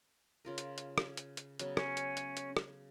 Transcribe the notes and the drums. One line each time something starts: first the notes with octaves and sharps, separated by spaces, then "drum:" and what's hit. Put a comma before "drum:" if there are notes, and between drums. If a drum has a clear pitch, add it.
C#3 F4 A#4
drum: hi-hat
drum: hi-hat
drum: rim click
drum: hi-hat
drum: hi-hat
C#3 F#3 B3, drum: hi-hat
C#4, drum: rim click
drum: hi-hat
drum: hi-hat
drum: hi-hat
drum: rim click